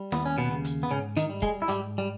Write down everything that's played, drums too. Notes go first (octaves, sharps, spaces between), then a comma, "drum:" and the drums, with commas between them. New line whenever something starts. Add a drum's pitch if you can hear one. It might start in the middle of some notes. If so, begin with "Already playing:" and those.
Already playing: G3
D#2 B3, drum: snare E4
C#4
B2 B3
C#3
drum: hi-hat
B3
G#2 C#3 C#4
D#3 D#4, drum: hi-hat
G3
G#3 G#4, drum: kick
E4
G#2 G3 G4, drum: hi-hat
G3